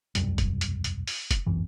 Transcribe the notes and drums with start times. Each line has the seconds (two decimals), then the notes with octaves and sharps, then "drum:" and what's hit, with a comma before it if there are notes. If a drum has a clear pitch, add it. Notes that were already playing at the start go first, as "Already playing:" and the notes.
0.15 E1 C2 F#2 G3, drum: hi-hat
0.38 drum: kick, hi-hat
0.61 drum: hi-hat
0.84 drum: hi-hat
1.07 drum: open hi-hat
1.31 drum: kick, hi-hat
1.46 G1 C2 F#2 E3